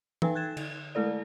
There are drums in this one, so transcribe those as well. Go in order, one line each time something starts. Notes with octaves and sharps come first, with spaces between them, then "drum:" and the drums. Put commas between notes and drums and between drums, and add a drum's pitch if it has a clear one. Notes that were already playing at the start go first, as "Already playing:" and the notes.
D#4 A4 B4 G5 G#5, drum: tom
F#6 G#6 A6 E7
D3, drum: cymbal
G#3 A3 E4 A4 D5